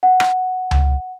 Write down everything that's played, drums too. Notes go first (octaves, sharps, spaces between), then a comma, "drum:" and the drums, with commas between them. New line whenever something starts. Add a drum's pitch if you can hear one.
F#5
drum: rim click
drum: tom C#2